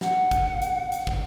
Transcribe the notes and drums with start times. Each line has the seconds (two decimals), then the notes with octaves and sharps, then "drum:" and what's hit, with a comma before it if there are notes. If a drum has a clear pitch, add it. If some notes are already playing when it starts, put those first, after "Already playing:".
0.01 F#5, drum: snare
0.31 drum: kick, hi-hat
0.62 drum: hi-hat
0.92 drum: hi-hat
1.07 drum: kick